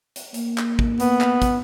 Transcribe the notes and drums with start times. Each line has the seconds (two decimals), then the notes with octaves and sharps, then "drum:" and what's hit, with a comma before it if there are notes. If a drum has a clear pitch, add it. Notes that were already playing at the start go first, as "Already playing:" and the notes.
0.16 drum: hi-hat
0.34 A#3, drum: hi-hat
0.58 drum: clap
0.79 drum: kick
1.00 B3, drum: hi-hat
1.21 drum: clap
1.42 drum: kick, hi-hat